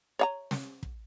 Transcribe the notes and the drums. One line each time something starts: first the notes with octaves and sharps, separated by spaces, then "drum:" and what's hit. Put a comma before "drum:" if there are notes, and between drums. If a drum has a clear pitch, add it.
C#5 F5 A#5
drum: snare
drum: kick